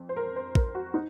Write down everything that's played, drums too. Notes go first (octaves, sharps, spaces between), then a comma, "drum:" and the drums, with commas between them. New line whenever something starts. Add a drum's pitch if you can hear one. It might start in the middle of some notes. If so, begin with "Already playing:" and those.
Already playing: F2
C5
A#4
C5
A#4, drum: kick
F#4
D#4